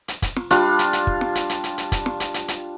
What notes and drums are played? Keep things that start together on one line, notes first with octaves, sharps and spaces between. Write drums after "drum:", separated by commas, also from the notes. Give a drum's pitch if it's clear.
drum: hi-hat
drum: kick, hi-hat
drum: snare
G3 D4 F4, drum: hi-hat
drum: hi-hat
drum: hi-hat
drum: kick
drum: snare
drum: hi-hat
drum: hi-hat
drum: hi-hat
drum: hi-hat
drum: kick, hi-hat
drum: snare
drum: hi-hat
drum: hi-hat
drum: hi-hat